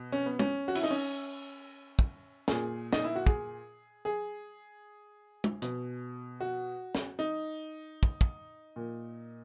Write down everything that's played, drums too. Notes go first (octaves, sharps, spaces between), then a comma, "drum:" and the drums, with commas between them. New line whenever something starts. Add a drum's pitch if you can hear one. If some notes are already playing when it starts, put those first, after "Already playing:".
Already playing: B2
C#4
B3
C#4, drum: tom
F#4
E4, drum: cymbal
D#4
C#4
drum: kick
A#2 G#4, drum: snare
D#4, drum: snare
E4
F#4
G#4, drum: kick
G#4
drum: tom
B2, drum: hi-hat
F#4
drum: snare
D#4
drum: kick
drum: kick
A#2